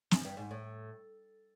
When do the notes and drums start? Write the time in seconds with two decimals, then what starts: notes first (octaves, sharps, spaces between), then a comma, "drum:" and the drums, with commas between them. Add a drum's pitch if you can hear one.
0.11 F#2, drum: snare
0.25 G2
0.37 G#2
0.51 A2